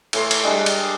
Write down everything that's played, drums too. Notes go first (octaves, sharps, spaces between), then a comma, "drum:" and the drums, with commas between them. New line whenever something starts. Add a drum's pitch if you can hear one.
A2 E3 C6, drum: cymbal
drum: cymbal
G3 G#3 D4
drum: cymbal